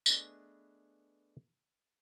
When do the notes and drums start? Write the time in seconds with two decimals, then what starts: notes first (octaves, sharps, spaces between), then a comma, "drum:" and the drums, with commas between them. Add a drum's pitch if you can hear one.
0.06 A3 B3 D4 G#4 B4 D#5, drum: tambourine